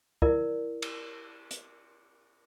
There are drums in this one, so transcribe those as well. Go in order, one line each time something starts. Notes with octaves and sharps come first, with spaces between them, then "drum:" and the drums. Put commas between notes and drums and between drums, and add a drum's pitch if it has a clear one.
E4 A#4 D5, drum: kick
drum: cymbal
drum: hi-hat